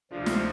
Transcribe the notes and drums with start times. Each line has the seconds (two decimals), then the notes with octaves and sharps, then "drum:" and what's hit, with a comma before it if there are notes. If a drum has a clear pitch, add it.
0.11 D2 C3 F3 D4 F4
0.26 C4 E4, drum: snare